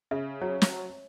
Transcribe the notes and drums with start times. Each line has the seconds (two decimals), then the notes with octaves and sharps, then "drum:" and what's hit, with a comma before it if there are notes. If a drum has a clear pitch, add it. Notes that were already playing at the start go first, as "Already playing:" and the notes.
0.11 C#3 E5
0.41 F#3 C#5
0.62 drum: snare